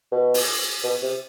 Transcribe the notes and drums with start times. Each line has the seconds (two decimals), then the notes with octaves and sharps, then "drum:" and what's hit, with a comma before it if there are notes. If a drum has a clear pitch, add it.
0.12 B2
0.34 drum: open hi-hat
0.83 B2
1.02 C3